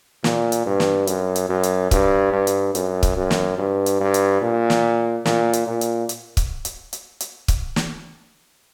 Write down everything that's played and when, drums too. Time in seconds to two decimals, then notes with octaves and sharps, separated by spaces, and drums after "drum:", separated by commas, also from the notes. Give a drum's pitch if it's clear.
0.24 A#2, drum: snare
0.52 drum: hi-hat
0.66 G2
0.80 drum: snare
1.07 F#2, drum: hi-hat
1.36 drum: hi-hat
1.49 F#2
1.63 drum: hi-hat
1.91 G2, drum: kick C#1, hi-hat
2.33 G2
2.47 drum: hi-hat
2.75 F#2, drum: hi-hat
3.03 drum: kick C#1, hi-hat
3.17 F#2
3.30 drum: snare
3.58 G2
3.86 drum: hi-hat
4.00 G2
4.14 drum: hi-hat
4.42 A#2
4.70 drum: snare
5.25 A#2, drum: snare
5.53 drum: hi-hat
5.67 A#2
5.81 drum: hi-hat
6.09 drum: hi-hat
6.37 drum: kick C#1, hi-hat
6.65 drum: hi-hat
6.93 drum: hi-hat
7.20 drum: hi-hat
7.48 drum: kick C#1, hi-hat
7.76 drum: snare